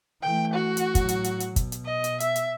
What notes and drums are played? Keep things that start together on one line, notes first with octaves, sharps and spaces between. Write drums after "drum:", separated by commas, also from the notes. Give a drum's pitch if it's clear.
E3 A3 G5
F#4
drum: hi-hat
A2 F#3, drum: kick, hi-hat
drum: hi-hat
drum: hi-hat
drum: hi-hat
B2, drum: kick, hi-hat
drum: hi-hat
D#5
drum: hi-hat
E5, drum: hi-hat
drum: hi-hat